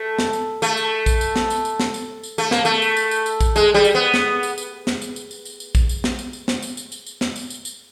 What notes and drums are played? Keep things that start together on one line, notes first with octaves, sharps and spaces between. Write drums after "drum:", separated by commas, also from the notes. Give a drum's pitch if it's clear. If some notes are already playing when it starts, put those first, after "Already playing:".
Already playing: A3
drum: snare
drum: tambourine
A3, drum: tambourine
drum: tambourine
drum: kick A#1, tambourine
drum: tambourine
drum: snare
drum: tambourine
drum: tambourine
drum: snare
drum: tambourine
drum: tambourine
A3, drum: tambourine
A#3, drum: snare
A3, drum: tambourine
drum: tambourine
drum: tambourine
drum: tambourine
drum: tambourine
drum: kick A#1, tambourine
G#3, drum: tambourine
G3
drum: tambourine
B3
drum: snare
drum: tambourine
drum: tambourine
drum: snare
drum: tambourine
drum: tambourine
drum: tambourine
drum: tambourine
drum: tambourine
drum: kick A#1, tambourine
drum: tambourine
drum: snare
drum: tambourine
drum: tambourine
drum: snare
drum: tambourine
drum: tambourine
drum: tambourine
drum: tambourine
drum: snare
drum: tambourine
drum: tambourine
drum: tambourine